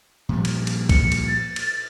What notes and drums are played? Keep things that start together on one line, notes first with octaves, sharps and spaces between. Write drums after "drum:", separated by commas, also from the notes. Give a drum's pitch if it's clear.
A#2 F3 G3
drum: cymbal
drum: cymbal
C#7, drum: kick B1, cymbal
drum: cymbal
A6
drum: cymbal